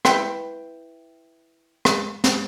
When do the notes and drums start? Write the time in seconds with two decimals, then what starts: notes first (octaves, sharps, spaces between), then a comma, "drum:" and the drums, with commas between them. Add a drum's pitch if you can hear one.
0.05 E4 B4 F#5 G5, drum: rim click
1.85 drum: rim click
2.24 drum: snare